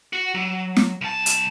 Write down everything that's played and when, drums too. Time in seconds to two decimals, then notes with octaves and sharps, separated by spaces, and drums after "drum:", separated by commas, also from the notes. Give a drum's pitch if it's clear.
0.13 F#4
0.34 F#3
0.77 drum: snare
1.01 C2 A5
1.26 drum: hi-hat